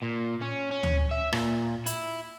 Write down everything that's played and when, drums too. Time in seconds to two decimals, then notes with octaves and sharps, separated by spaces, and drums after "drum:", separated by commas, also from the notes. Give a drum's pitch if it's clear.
0.02 A#2
0.41 C#4
0.71 C#4
0.83 drum: tom D2
1.11 E5
1.33 A#2, drum: rim click
1.86 E4, drum: hi-hat